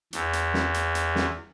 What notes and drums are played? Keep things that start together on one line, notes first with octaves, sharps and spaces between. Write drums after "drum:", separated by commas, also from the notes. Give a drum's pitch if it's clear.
E2, drum: hi-hat
drum: hi-hat
drum: snare
drum: hi-hat
drum: hi-hat
drum: snare